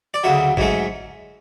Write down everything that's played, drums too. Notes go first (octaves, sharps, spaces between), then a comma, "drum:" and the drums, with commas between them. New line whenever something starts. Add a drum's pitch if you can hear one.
D5
D2 C#3 F#3 E5
G#2 F#3 A3 C#4, drum: kick G#1